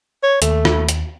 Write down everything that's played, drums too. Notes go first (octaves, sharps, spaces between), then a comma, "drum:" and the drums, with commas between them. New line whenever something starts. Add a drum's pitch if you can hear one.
C#5
D#2 A3, drum: hi-hat
drum: rim click
drum: hi-hat